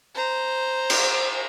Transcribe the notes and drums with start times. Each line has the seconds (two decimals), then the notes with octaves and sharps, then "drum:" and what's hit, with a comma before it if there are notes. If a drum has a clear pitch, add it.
0.14 C5 A#5
0.90 drum: cymbal